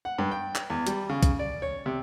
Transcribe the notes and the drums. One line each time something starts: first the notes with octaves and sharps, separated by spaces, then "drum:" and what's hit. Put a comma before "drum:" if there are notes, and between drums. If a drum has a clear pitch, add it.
F#5
G2
G5
drum: clap
E2
G3, drum: hi-hat
C#3
drum: kick, hi-hat
D5
C#5
C3